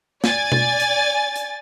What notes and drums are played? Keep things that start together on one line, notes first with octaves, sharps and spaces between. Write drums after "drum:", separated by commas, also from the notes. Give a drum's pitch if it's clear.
D5 G#5 A6, drum: snare
drum: tom B2
drum: hi-hat
drum: hi-hat